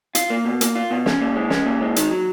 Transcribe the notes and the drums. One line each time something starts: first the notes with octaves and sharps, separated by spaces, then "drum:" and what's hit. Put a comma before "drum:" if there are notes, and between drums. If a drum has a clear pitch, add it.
F4, drum: hi-hat
A#3
B2
A#3, drum: hi-hat
F4
B2
C#4, drum: snare
A#2
G#3
C#4, drum: snare
A#2
G#3
D#3, drum: hi-hat
F#3